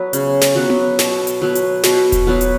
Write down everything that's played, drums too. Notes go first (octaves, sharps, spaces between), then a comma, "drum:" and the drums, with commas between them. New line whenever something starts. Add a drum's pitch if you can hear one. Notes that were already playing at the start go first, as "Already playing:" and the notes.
Already playing: F#3 B3
C#3, drum: hi-hat
drum: snare
F#3 B3
drum: tom B3
B2 A5, drum: snare
drum: hi-hat
F#3 B3
drum: hi-hat
B2, drum: snare
drum: kick E1, hi-hat
F#3 B3
drum: hi-hat